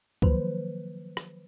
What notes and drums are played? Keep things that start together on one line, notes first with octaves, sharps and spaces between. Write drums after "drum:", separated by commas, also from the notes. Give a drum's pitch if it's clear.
D#3 F3 F#3 A#3 B4 C5, drum: kick C#2
drum: rim click